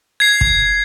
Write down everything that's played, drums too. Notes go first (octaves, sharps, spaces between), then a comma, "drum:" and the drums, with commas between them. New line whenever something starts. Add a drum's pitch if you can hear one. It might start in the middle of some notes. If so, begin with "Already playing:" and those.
G#6 C7
drum: kick